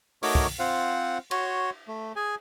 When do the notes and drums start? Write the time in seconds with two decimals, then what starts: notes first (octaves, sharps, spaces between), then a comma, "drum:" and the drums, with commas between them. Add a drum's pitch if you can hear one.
0.23 A3 D#4 F#4 A#4 C#5 D6, drum: open hi-hat
0.35 drum: kick
0.59 C4 F4 C5 F5 F#5
1.31 F#4 C#5 C6, drum: cymbal
1.88 A3
2.16 G#4 G#5